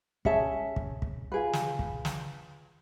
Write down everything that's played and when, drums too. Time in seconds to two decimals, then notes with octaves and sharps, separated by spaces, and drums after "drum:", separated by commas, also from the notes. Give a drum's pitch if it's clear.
0.25 C#4 G#4 E5 A5, drum: kick
0.76 drum: kick
1.02 drum: kick
1.32 F4 G#4 B4
1.53 drum: snare
1.79 drum: kick
2.05 drum: snare